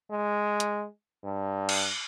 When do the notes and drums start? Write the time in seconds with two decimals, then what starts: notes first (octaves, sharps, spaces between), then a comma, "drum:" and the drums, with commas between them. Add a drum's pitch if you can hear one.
0.11 G#3
0.60 drum: hi-hat
1.24 G2
1.69 drum: cymbal